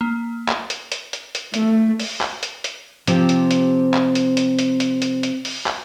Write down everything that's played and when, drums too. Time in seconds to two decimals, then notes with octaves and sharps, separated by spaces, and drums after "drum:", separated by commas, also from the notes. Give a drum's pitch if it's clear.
0.01 A#3
0.48 drum: clap
0.70 drum: hi-hat
0.92 drum: hi-hat
1.13 drum: hi-hat
1.35 drum: hi-hat
1.54 A3, drum: hi-hat
2.00 drum: open hi-hat
2.21 drum: clap
2.43 drum: hi-hat
2.64 drum: hi-hat
3.07 C3 F3 C4 G4, drum: hi-hat
3.29 drum: hi-hat
3.51 drum: hi-hat
3.94 drum: clap
4.15 drum: hi-hat
4.37 drum: hi-hat
4.59 drum: hi-hat
4.80 drum: hi-hat
5.02 drum: hi-hat
5.23 drum: hi-hat
5.45 drum: open hi-hat
5.66 drum: clap